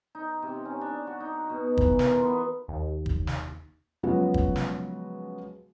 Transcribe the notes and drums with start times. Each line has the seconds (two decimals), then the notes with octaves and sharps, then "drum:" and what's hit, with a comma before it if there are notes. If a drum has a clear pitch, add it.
0.15 D#4
0.42 C3
0.65 C#4
0.81 D4
1.07 F#4
1.20 D#4
1.50 B2
1.77 E3, drum: kick
1.99 A#4, drum: snare
2.12 C6
2.25 B3
2.68 D#2
3.06 drum: kick
3.27 drum: snare
4.03 C#3 F3 F#3 G#3 B3 F#4
4.34 drum: kick
4.56 drum: snare